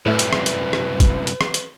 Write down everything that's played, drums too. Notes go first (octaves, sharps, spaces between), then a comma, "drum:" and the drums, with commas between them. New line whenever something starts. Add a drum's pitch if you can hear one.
C2 F#2 A2 A3 B4
drum: hi-hat
drum: rim click
drum: hi-hat
drum: rim click
drum: kick, hi-hat
drum: hi-hat
drum: rim click
drum: hi-hat